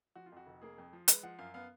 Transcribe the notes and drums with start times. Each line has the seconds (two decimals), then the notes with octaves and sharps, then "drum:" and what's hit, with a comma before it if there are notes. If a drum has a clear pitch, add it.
0.16 F3 F#4
0.26 F4
0.32 F2 F#4
0.47 F1
0.62 A#3 G#4
0.78 F2
0.93 F3
1.08 G#3 B4, drum: hi-hat
1.23 F3 F#5
1.39 F#2 F5
1.54 B3 F5